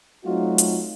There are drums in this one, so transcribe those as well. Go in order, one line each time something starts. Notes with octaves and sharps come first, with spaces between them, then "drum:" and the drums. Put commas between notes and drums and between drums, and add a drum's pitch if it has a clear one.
F#3 A3 C4 D#4 F4 F#4
drum: hi-hat